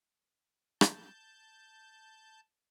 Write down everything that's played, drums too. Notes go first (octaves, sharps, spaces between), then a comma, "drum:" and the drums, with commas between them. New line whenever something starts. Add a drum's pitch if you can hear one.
A5 G6, drum: rim click